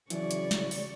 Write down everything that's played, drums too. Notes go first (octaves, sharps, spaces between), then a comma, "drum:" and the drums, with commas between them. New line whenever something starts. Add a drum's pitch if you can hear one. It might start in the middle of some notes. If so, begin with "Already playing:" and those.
C#3 E3 F#3 E4 D5 C#6, drum: hi-hat
drum: hi-hat
drum: snare
drum: open hi-hat